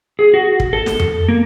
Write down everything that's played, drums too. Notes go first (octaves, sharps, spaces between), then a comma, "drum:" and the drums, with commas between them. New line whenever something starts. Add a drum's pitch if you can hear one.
G#4
F#4
drum: kick
A4
drum: snare
drum: tom F2
A#3